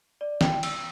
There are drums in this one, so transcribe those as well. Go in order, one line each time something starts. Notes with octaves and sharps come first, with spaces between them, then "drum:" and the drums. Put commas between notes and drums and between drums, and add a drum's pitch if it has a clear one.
D5
G5, drum: snare
E6, drum: cymbal